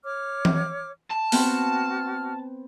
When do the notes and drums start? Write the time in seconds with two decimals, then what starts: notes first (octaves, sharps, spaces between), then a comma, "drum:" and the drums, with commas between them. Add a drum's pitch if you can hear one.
0.04 C#5 D6 F6
0.45 drum: tom E3
1.11 A5
1.32 B3 C4 F#4 F6, drum: open hi-hat